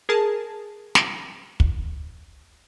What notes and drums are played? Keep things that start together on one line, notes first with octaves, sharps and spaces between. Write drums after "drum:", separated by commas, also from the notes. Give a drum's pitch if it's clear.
G#4 A#4 A5
drum: snare
drum: kick